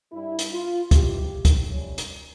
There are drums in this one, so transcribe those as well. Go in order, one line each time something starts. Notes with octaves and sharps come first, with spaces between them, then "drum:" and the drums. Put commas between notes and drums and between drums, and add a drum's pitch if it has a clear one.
G2 G3 E4
drum: hi-hat
F4
F2 E3 G#3 G4, drum: kick, hi-hat
drum: kick, hi-hat
F2 C3 G3 C#4
drum: hi-hat